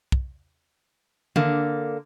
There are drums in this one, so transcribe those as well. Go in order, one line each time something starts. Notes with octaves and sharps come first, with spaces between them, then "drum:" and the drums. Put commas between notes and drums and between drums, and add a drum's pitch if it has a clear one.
drum: kick
D3 A#3, drum: tom D#3